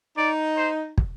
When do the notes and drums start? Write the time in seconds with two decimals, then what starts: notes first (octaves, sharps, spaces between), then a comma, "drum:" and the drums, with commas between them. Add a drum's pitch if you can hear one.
0.17 D#4 D5
0.57 C5
0.98 drum: kick